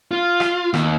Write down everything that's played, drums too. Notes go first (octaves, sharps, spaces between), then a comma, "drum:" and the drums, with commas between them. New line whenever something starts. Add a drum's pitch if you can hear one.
F4
drum: rim click
D#2, drum: rim click